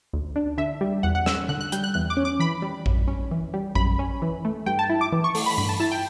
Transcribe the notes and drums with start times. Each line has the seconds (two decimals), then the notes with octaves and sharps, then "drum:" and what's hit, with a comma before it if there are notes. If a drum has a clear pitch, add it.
0.13 D2
0.36 D4
0.58 D3 E5
0.81 G3
1.03 E2 F#5
1.15 F#5
1.26 C#4 E6, drum: snare
1.49 D3 F#6
1.61 F#6
1.72 G3 G6, drum: hi-hat
1.84 F#6
1.94 E2 F#6
2.10 D6
2.17 C#4
2.25 D6
2.40 E3 B5
2.62 G3
2.86 F#2, drum: kick A#1
3.08 C#4
3.31 E3
3.54 G3
3.75 F#2 B5, drum: kick A#1
3.99 C#4
4.22 E3
4.45 A3
4.66 G2 G5
4.79 A5
4.89 E4
5.01 D6
5.12 E3
5.24 C#6
5.35 A3, drum: open hi-hat
5.46 B5
5.58 G2 B5
5.69 A5
5.80 E4 A5
5.91 G5